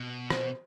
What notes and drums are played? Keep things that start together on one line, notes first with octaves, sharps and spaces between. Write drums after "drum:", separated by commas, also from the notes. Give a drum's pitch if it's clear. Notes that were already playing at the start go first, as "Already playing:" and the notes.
Already playing: B2
C5, drum: rim click